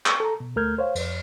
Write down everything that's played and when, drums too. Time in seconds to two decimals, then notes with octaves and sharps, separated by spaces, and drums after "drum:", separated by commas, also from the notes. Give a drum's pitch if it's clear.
0.06 drum: clap
0.20 A4 A#5
0.40 B2
0.56 D2 A3 A#4 F6 G6 G#6
0.78 C5 C#5 F5
0.95 F2, drum: cymbal